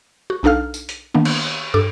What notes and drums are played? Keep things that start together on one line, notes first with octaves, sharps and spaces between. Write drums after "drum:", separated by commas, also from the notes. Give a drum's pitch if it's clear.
F#4
B1 D4 D#4 A4 F5 F6
drum: tambourine
drum: hi-hat
D#3 A#3 B3 D4
drum: cymbal
G2 A4 D6